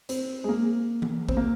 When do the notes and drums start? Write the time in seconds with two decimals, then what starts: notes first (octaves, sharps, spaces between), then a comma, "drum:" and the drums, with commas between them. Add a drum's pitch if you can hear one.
0.09 C4, drum: hi-hat
0.44 G#3
0.49 A#3
1.02 drum: tom E3
1.29 C4, drum: kick
1.37 A#3